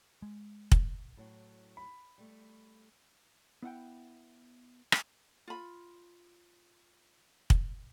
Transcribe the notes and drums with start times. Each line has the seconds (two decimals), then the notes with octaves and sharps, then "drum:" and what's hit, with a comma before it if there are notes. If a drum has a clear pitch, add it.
0.22 G#3
0.72 drum: kick
1.17 A2 F#3
1.77 B5
2.18 G3 A3
3.62 B3 E4 F#5 G5
4.92 drum: rim click
5.48 F4 B5
7.50 drum: kick